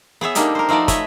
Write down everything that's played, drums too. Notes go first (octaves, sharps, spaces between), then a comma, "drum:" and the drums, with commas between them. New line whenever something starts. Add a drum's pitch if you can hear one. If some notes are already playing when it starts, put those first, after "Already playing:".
B3 G#4 C#5 E5
G3 A#3 D4 D#4 G4 A4, drum: hi-hat
A#4 C5
F3 A3 D#4 F#4 D5
B4 C#5 D#5 E5, drum: kick, hi-hat